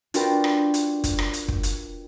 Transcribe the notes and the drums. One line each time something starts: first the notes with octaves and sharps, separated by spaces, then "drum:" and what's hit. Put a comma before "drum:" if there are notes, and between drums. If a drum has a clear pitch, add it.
D4 F4 F#4 A#4 B4 G5, drum: hi-hat
drum: rim click
drum: hi-hat
drum: kick, hi-hat
drum: rim click
drum: hi-hat
drum: kick
drum: hi-hat